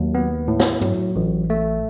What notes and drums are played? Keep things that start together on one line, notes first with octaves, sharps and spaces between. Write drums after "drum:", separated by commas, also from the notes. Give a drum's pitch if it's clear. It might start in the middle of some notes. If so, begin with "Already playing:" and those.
Already playing: D#2 F#3
B3
A2
drum: snare
F#3, drum: tom G2
A1
A3